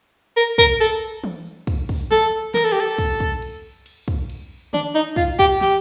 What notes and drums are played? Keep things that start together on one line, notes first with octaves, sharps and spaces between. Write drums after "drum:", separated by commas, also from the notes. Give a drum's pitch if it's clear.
A#4, drum: cymbal
A#4, drum: kick
A4, drum: cymbal
drum: tom E3
drum: kick, cymbal
drum: kick
A4, drum: snare
A#4, drum: snare
A4
G4
A4
drum: kick, cymbal
drum: kick
drum: cymbal
drum: cymbal
drum: kick
drum: cymbal
D4, drum: tom
D#4
F4, drum: kick, cymbal
G4, drum: kick
G4, drum: snare